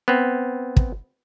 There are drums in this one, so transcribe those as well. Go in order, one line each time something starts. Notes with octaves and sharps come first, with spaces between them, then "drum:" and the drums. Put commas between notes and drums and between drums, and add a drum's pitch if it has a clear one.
B3 C4
drum: kick